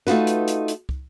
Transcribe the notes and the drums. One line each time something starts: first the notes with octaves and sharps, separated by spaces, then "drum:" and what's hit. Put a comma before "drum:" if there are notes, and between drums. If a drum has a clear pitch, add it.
A3 D#4 F4 F#4 B4, drum: snare
drum: hi-hat
drum: hi-hat
drum: hi-hat
drum: kick